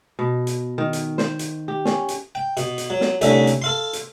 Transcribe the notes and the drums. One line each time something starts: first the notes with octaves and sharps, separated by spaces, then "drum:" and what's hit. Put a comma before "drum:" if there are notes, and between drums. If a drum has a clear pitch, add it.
B2
drum: hi-hat
D#3
drum: hi-hat
C5, drum: snare
drum: hi-hat
G4
C#4, drum: snare
drum: hi-hat
G5
B2, drum: hi-hat
drum: hi-hat
F#3
drum: snare
C2 D3 A3 C#4 E5, drum: hi-hat
drum: hi-hat
A4 F5 C6
drum: hi-hat